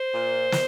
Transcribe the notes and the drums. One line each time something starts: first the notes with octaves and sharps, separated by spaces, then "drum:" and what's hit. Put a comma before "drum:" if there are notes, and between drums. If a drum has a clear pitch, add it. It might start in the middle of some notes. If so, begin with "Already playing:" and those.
Already playing: C5
A#2
A#2, drum: snare